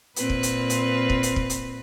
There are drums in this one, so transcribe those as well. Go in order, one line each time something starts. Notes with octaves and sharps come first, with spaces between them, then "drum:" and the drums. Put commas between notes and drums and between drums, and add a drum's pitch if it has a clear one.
A#2 C4 B4, drum: hi-hat
drum: kick
drum: hi-hat
drum: hi-hat
drum: kick
drum: hi-hat
drum: kick
drum: hi-hat